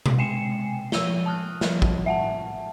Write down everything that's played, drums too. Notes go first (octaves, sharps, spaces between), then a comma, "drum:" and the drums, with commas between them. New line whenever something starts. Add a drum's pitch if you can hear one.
drum: tom B2
G#3 G5 G#5 C7 C#7 E7
F3 E6 D#7 G7, drum: snare
A5 D#6 F6 F#6
F3 G3, drum: snare
drum: kick
E5 F#5 A5